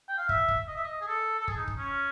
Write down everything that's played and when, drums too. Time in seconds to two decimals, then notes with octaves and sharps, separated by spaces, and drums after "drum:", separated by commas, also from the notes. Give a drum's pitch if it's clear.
0.09 G5
0.18 F5
0.29 E5, drum: kick
0.48 drum: kick
0.68 D#5
0.76 E5
0.84 D#5
1.01 G#4
1.08 A4
1.40 A4
1.48 G#4, drum: kick
1.57 D#4
1.68 drum: kick
1.78 C#4